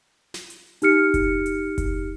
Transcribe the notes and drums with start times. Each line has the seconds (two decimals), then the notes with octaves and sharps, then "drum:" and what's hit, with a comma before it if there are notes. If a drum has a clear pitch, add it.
0.34 drum: snare
0.50 drum: hi-hat
0.82 D#4 G4 F6 C#7, drum: hi-hat
1.14 drum: kick F#1, hi-hat
1.46 drum: hi-hat
1.78 drum: kick F#1, hi-hat